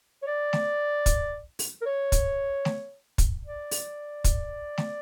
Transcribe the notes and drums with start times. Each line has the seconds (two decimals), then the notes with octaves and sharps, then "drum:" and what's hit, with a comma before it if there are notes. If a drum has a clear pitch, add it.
0.22 C#5
0.26 D5
0.53 drum: snare
1.06 drum: kick, hi-hat
1.59 drum: open hi-hat
1.81 A#4
1.85 C#5
2.12 drum: kick, hi-hat
2.65 drum: snare
3.18 drum: kick, hi-hat
3.45 D5
3.71 drum: open hi-hat
4.24 drum: kick, hi-hat
4.78 drum: snare